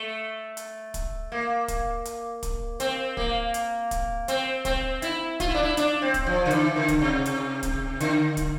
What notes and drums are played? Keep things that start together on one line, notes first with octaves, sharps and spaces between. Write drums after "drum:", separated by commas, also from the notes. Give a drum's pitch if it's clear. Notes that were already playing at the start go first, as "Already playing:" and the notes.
Already playing: A3
drum: hi-hat
drum: kick, hi-hat
A#3
drum: kick, hi-hat
drum: hi-hat
drum: kick, hi-hat
C4, drum: hi-hat
A#3, drum: kick
drum: hi-hat
drum: kick, hi-hat
C4, drum: hi-hat
C4, drum: kick, hi-hat
E4, drum: hi-hat
F4, drum: kick, hi-hat
E4
D4
E4
D4, drum: hi-hat
C4
drum: kick, hi-hat
F3
D3
E3, drum: hi-hat
D3
drum: kick, hi-hat
C3
drum: hi-hat
drum: kick, hi-hat
D3, drum: hi-hat
drum: kick, hi-hat